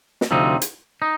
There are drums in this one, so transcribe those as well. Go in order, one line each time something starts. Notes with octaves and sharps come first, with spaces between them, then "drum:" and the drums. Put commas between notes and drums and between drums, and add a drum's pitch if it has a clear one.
drum: snare
D2 C3 F3 C4 D#4
drum: hi-hat
D#4